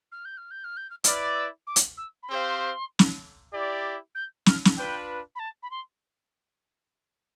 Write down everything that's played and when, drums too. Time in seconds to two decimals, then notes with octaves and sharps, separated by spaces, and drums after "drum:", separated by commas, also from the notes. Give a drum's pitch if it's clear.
0.12 F6
0.25 G6
0.37 F6
0.51 G6
0.64 F6
0.77 G6
0.90 F6
1.04 E4 B4 D5 F6, drum: hi-hat
1.35 E6
1.67 D6
1.76 drum: hi-hat
1.97 E6
2.22 B5
2.28 C4 G4 C5 F5 C6
2.99 drum: snare
3.53 E4 G4 D5
4.15 G6
4.46 F6, drum: snare
4.65 drum: snare
4.76 D4 F4 B4 G5
5.35 B5
5.39 A5
5.62 B5
5.70 C6